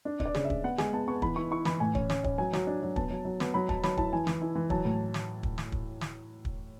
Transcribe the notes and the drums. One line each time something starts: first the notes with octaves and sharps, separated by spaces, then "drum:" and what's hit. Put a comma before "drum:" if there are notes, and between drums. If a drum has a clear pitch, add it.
D4
D4, drum: kick
D5
C#3, drum: snare
E5
C#3, drum: kick
B3 F#5
G#3 G#5, drum: snare
B3 A5
B3 C#6
E3 B5, drum: kick
E4 C#6
E4 C#6
E3 B5, drum: snare
A2 G#5
C#4, drum: kick
C#4, drum: snare
C#4, drum: kick
F#3 G#5
F#3, drum: snare
D4
F#3
B3 A5, drum: kick
F#3
F#3
B3, drum: snare
F#3 B5
F#3 A5, drum: kick
F#3 B5, drum: snare
E4 A5, drum: kick
E3 G#5
E3, drum: snare
E4
E3
F#3 A5, drum: kick
A2
drum: snare
drum: kick
drum: snare
drum: kick
drum: snare
drum: kick